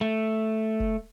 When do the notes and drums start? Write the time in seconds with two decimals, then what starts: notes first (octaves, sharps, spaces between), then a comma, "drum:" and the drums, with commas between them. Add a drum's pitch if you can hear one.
0.01 A3
0.80 drum: kick